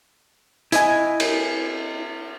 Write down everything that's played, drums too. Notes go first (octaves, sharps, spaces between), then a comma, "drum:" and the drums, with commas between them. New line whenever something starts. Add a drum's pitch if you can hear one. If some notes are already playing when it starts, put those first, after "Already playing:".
E4 D#5 G#5, drum: hi-hat
drum: cymbal